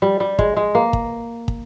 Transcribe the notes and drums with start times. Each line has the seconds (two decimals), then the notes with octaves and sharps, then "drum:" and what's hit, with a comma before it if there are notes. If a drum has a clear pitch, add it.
0.02 G3
0.20 G3
0.39 G#3, drum: kick
0.57 G#3
0.75 A#3
0.93 drum: kick
1.48 drum: kick